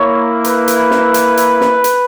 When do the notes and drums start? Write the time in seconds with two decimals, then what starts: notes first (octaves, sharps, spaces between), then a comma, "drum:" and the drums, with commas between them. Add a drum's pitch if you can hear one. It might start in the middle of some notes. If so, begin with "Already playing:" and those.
Already playing: A#3 E4 C#5
0.44 B4, drum: hi-hat
0.68 drum: hi-hat
0.91 drum: snare
1.14 drum: hi-hat
1.37 drum: hi-hat
1.61 drum: snare
1.84 drum: hi-hat